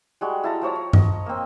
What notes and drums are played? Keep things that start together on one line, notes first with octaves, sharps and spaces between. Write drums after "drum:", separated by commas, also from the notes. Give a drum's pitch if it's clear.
G3 G#3 F#4
E4 A5 A#5
F3 C5 C#5 A#5
C#5
D#5, drum: tom G2
A#3 C4